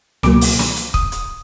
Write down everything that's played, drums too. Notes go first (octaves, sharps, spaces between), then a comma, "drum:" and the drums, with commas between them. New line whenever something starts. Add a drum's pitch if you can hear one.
C#2 B2 F#3 A#3 D6, drum: snare
drum: open hi-hat
drum: snare
drum: hi-hat
D#6, drum: kick
drum: hi-hat